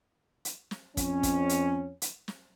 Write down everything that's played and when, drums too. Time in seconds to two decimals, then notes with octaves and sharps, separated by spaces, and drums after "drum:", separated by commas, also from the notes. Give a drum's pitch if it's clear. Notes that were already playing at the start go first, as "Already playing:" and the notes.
0.45 drum: hi-hat
0.71 drum: snare
0.97 F2 C#4, drum: kick, hi-hat
1.23 drum: kick, hi-hat
1.49 drum: hi-hat
2.02 drum: hi-hat
2.28 drum: snare